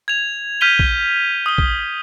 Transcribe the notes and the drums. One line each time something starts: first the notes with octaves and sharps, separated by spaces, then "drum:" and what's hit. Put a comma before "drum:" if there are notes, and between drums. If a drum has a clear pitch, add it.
G#6 F7
F6 G6 B6 D#7 F7 G7
drum: kick A#1
D#6 G7
drum: kick A#1